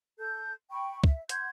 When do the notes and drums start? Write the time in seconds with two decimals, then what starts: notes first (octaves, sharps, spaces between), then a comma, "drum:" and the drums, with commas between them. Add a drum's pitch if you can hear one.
0.19 A4 G6
0.71 G5 B5 C#6
1.04 E5, drum: kick
1.29 F#5 C6 G6 G#6, drum: hi-hat